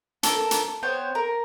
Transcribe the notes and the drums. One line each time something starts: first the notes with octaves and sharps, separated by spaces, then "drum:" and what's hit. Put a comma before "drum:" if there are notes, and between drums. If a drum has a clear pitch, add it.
A4 A#4, drum: hi-hat
drum: hi-hat
B3 C5 C#5 G5
A#4